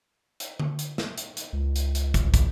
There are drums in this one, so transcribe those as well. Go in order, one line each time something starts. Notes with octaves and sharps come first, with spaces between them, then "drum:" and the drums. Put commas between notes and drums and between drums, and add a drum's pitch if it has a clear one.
drum: hi-hat
drum: tom D3
drum: hi-hat
drum: snare
drum: hi-hat
drum: hi-hat
C#2
drum: hi-hat
drum: hi-hat
A1, drum: kick, hi-hat
drum: kick, hi-hat